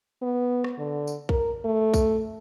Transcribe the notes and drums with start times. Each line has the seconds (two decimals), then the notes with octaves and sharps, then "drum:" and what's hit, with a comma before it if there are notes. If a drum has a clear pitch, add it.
0.22 B3
0.64 drum: rim click
0.78 D3
1.07 drum: tambourine
1.29 A#4, drum: kick B1
1.65 A3
1.94 drum: kick B1, tambourine